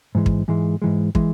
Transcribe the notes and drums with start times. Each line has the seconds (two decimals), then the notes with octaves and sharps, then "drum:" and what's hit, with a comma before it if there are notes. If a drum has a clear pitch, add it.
0.15 G#2 E3 G#3
0.26 drum: kick
0.48 G#2 E3 G#3
0.82 G#2 E3 G#3
1.15 E3 G#3, drum: kick